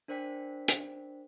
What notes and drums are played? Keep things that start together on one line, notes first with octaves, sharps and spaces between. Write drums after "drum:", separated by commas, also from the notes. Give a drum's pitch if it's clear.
D4 A#4 C5 D5 G5 B6
drum: hi-hat